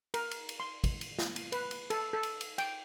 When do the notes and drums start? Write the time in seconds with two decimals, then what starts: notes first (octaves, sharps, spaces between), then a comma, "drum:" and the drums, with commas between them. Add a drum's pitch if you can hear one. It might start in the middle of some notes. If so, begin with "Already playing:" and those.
0.14 A#4, drum: cymbal
0.31 drum: cymbal
0.49 drum: cymbal
0.60 C6
0.84 drum: kick, cymbal
1.01 drum: cymbal
1.19 drum: snare
1.36 drum: cymbal
1.52 B4, drum: cymbal
1.71 drum: cymbal
1.90 A4, drum: cymbal
2.13 A4
2.23 drum: cymbal
2.41 drum: cymbal
2.58 G5, drum: cymbal